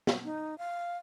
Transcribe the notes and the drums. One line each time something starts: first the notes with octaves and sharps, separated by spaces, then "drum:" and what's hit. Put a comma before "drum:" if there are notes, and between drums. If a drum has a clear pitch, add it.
drum: snare
D#4
F5